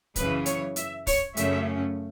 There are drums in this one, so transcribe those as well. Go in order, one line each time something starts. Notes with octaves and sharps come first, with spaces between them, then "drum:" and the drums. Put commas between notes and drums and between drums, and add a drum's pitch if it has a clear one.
F#2 C#3 E3 B4, drum: kick, hi-hat
C#5, drum: hi-hat
E5, drum: hi-hat
C#5, drum: kick, open hi-hat
F#2 C#3 A3 C#4 E5, drum: hi-hat